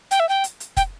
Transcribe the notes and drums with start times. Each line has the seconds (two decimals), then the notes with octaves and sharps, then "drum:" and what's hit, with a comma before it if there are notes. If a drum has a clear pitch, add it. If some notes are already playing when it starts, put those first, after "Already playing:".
0.11 G5, drum: hi-hat
0.20 E5
0.29 G5
0.44 drum: hi-hat
0.60 drum: hi-hat
0.77 G5, drum: kick, hi-hat